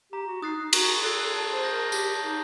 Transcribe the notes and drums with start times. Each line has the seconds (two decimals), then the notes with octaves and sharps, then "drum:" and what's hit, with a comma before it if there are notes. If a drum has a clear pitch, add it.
0.12 G4 A#5
0.27 F#4
0.43 D#4 D#6 F#6 A6 C7
0.58 D#4
0.73 F#4 A#5, drum: cymbal
1.02 A4 D#6 F#6 A6 C7
1.32 A4 A5
1.52 C5
1.63 D#6 G6 A#6
1.72 A#4
1.92 G4 A5, drum: tambourine
2.22 D#4 D#6 G6 A#6